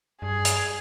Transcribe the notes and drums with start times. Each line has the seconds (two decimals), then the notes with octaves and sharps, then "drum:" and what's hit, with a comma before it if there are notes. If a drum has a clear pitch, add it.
0.22 G2 G#4
0.45 drum: hi-hat